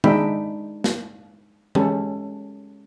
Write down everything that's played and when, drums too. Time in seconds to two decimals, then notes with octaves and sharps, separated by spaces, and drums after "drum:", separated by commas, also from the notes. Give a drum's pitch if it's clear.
0.04 G#3 D4 D#4 E5 G5 B5, drum: tom D#3
0.84 drum: snare
1.75 G#3 C#4 G4 A4, drum: tom E3